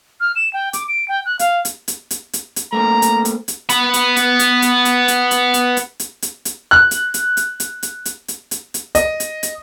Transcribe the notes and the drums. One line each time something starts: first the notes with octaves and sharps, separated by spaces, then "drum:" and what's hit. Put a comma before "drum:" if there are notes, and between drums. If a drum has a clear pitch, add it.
F6
E7
G5
D6, drum: hi-hat
D7
G5
F#6
F5, drum: hi-hat
drum: hi-hat
drum: hi-hat
drum: hi-hat
drum: hi-hat
drum: hi-hat
A3 A#3 C4 A#5
drum: hi-hat
drum: hi-hat
drum: hi-hat
B3 B5, drum: hi-hat
drum: hi-hat
drum: hi-hat
drum: hi-hat
drum: hi-hat
drum: hi-hat
drum: hi-hat
drum: hi-hat
drum: hi-hat
drum: hi-hat
drum: hi-hat
drum: hi-hat
drum: hi-hat
F#6
drum: hi-hat
drum: hi-hat
drum: hi-hat
drum: hi-hat
drum: hi-hat
drum: hi-hat
drum: hi-hat
drum: hi-hat
drum: hi-hat
D#5, drum: hi-hat
drum: hi-hat
drum: hi-hat